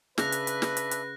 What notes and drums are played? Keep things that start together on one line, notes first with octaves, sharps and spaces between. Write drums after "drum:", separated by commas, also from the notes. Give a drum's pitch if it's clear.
C#3 D4 B4 E5 F#6 A#6 F7, drum: snare
drum: hi-hat
drum: hi-hat
drum: snare
drum: hi-hat
drum: hi-hat